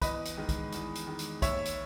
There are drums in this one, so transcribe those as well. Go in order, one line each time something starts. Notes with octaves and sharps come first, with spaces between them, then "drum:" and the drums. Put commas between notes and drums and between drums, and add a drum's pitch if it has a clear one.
E2 B4 D#5, drum: kick, hi-hat
drum: hi-hat
D#3 G#3
drum: kick, hi-hat
E2, drum: hi-hat
drum: hi-hat
D#3 G#3
drum: hi-hat
D#2 C#5 E5, drum: kick, hi-hat
drum: hi-hat